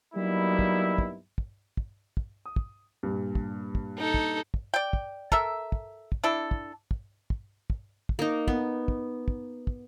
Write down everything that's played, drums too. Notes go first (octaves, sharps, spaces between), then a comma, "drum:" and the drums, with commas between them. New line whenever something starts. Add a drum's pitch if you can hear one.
F#3 G3 A#3 B3 D#4 E4
drum: kick
drum: kick
drum: kick
drum: kick
drum: kick
D#6
drum: kick
G2 A#2
drum: kick
drum: kick
D#4 A4
drum: kick
drum: kick
D5 G5
drum: kick
A4 A#4 E5, drum: kick
drum: kick
drum: kick
D4 E4 A4
drum: kick
drum: kick
drum: kick
drum: kick
drum: kick
A#3 D#4
B3, drum: kick
drum: kick
drum: kick
drum: kick